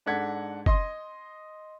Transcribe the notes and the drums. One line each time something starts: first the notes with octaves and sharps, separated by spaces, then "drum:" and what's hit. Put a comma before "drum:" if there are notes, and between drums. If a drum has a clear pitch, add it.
G#2 D4 A4 F#5 G#6 B6
D#5 C6 D#6, drum: kick